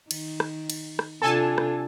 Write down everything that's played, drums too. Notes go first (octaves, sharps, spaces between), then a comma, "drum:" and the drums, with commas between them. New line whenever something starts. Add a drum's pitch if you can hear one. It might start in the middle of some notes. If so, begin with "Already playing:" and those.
D#3, drum: cymbal
drum: rim click
drum: cymbal
drum: rim click
C3 D4 F4 A4 G#5 A5
drum: rim click